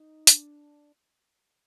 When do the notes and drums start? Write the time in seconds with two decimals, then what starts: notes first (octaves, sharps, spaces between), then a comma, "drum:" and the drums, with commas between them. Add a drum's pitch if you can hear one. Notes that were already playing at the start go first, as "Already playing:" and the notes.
Already playing: D#4
0.27 D4, drum: hi-hat